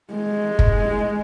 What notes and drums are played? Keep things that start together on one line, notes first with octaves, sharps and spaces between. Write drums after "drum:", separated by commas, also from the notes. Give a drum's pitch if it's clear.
G#3
drum: kick